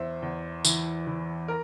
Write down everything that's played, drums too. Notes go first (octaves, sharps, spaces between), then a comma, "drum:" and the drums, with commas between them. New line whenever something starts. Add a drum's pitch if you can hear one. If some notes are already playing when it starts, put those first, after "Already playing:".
Already playing: E2 C5 E5
E2
E3, drum: tambourine
E3
A#4